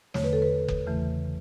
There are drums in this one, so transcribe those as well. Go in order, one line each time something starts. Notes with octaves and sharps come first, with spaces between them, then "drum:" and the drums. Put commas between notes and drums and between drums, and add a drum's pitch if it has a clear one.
E2 D3 A3 C#5, drum: snare
B4
A4
B4
drum: kick F#1
E2 C#3 E3 A3